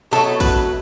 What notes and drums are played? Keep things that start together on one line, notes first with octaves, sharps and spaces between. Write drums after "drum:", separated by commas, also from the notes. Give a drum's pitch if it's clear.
B2 F#3 A3 A4
B4, drum: kick, open hi-hat